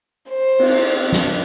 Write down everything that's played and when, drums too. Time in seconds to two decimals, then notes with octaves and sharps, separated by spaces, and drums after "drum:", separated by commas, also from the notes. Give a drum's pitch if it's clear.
0.30 C5
0.59 drum: cymbal
1.12 drum: snare